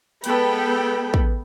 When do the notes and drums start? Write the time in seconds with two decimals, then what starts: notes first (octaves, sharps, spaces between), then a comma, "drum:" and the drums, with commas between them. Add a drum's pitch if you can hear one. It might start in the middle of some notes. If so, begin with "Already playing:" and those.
0.24 G#3 B3 A4 B4 G5 B5, drum: hi-hat
1.14 drum: kick